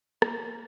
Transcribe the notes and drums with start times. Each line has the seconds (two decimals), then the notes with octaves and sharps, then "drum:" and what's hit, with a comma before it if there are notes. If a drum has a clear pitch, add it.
0.22 A#3, drum: rim click